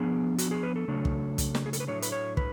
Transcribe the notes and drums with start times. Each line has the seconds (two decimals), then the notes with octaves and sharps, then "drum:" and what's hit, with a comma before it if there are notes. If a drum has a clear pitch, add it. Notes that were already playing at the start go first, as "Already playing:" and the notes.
Already playing: F3 B3 D4 G#4
0.38 F#4, drum: hi-hat
0.51 G#4
0.63 B4
0.76 A4
0.88 C#3 F#3 A3 D4
1.05 drum: kick
1.38 drum: kick, hi-hat
1.55 drum: snare
1.66 G#4
1.73 A4, drum: hi-hat
1.80 B4
1.87 A2 F#3 A3 D4 C#5
2.02 B4, drum: hi-hat
2.12 C#5
2.37 B4, drum: kick